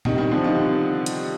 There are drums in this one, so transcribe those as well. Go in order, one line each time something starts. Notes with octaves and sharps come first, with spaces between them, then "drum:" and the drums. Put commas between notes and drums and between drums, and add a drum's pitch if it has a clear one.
C3 D#3, drum: tom A#2
D#3 G3
D3 F3
C3 D#3
drum: hi-hat